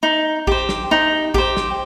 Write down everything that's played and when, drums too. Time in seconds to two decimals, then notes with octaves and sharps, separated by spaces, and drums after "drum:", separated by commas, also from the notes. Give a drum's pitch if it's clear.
0.03 D#4
0.47 G4 C5, drum: kick
0.69 drum: snare
0.91 D#4
1.34 G4 C5, drum: kick
1.57 drum: snare